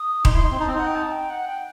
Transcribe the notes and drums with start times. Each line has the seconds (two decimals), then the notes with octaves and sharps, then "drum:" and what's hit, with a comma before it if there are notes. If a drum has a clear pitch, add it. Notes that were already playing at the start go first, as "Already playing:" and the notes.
Already playing: D#6
0.25 D#4 C6, drum: kick D#1
0.34 E4
0.42 D#4
0.51 C4
0.60 D#4 A5
0.68 C4
0.75 D#4 F#5
0.87 G5
0.95 A5
1.12 G5
1.30 F#5
1.48 G5